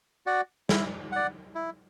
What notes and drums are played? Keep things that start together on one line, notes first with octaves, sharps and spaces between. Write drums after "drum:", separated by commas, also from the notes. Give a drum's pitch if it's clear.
F#4 D5 F#5
E4, drum: snare
D5 F#5
E4